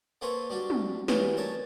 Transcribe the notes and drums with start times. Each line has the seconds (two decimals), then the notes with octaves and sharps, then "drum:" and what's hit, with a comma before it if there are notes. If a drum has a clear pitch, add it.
0.21 A#3 C4 A4 B4 C#5 A#5
0.50 G3 D4 F#4
0.70 drum: tom
1.08 E3 F#3 G3 A3 B3 F#4, drum: snare
1.37 A#4 C#5 D5 A5